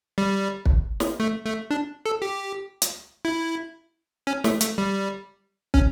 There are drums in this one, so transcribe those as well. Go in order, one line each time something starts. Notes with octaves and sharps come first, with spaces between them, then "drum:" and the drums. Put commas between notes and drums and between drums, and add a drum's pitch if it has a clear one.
G3
drum: kick
drum: snare
A3
A3
D4
A4
G4
drum: hi-hat
E4
C#4
A3, drum: snare
A3, drum: hi-hat
G3
C#4, drum: kick